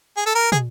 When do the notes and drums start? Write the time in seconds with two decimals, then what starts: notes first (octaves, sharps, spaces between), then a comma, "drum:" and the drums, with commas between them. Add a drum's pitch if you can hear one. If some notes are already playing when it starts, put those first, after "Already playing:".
0.17 G#4
0.26 A4
0.35 A#4
0.52 G#4, drum: tom